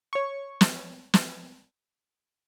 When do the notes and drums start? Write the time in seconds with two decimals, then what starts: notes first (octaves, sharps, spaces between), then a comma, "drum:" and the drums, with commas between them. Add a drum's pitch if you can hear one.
0.13 C#5 C#6
0.61 drum: snare
1.14 drum: snare